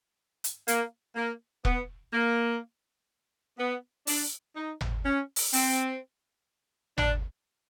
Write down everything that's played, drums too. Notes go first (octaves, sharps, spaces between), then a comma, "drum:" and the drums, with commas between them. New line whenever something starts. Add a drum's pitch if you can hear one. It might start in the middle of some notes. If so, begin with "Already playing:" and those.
drum: hi-hat
A#3, drum: hi-hat
A#3
B3, drum: kick E1
A#3
B3
D4, drum: open hi-hat
D#4
drum: tom G#1
C#4
drum: open hi-hat
C4, drum: open hi-hat
D4, drum: tom G#1